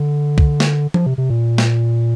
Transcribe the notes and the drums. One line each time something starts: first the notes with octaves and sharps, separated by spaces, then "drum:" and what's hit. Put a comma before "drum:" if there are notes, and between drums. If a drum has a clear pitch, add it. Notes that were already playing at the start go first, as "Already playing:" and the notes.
Already playing: D3
drum: kick C2
drum: snare
F3, drum: tom F3
C3
C3
A#2
drum: snare